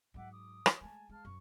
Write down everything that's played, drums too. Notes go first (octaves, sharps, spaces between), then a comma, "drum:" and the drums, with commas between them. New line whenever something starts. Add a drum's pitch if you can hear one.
G#2 F#3 E5 F#5 D6
D6 D#6
drum: rim click
G#3 A3 G#5 A5
G#3 F5 A5 F6
F#2 C#6